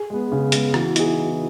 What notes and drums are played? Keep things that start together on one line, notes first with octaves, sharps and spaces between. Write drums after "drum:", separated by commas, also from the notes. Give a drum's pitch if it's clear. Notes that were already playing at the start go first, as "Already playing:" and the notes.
Already playing: G#4
G#3 B3
C#3
G#3 B3, drum: hi-hat
E3 F#4, drum: rim click
B3 D#4 E4 G#4, drum: hi-hat